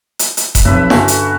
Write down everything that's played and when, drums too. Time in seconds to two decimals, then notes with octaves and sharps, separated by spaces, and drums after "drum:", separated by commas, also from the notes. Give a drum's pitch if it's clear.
0.19 drum: hi-hat
0.37 drum: hi-hat
0.55 drum: kick E1, hi-hat
0.65 B1 F2 B4 E5 B5
0.90 G2 D3 A3 B3 C#4 F#4, drum: snare
1.08 drum: hi-hat